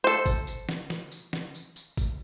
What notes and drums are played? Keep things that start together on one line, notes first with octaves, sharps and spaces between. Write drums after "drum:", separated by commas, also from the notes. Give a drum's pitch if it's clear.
A4 C5
drum: kick G1, tambourine
drum: tambourine
drum: snare
drum: snare
drum: tambourine
drum: snare
drum: tambourine
drum: tambourine
drum: kick G1, tambourine